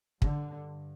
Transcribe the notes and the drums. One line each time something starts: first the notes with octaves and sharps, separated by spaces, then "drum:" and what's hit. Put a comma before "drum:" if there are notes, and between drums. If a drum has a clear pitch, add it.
G2 D3, drum: kick